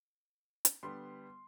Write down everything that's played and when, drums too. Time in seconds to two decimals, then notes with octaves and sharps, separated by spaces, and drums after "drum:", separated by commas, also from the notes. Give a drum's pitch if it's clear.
0.65 drum: hi-hat
0.83 D3 G3 B3 C6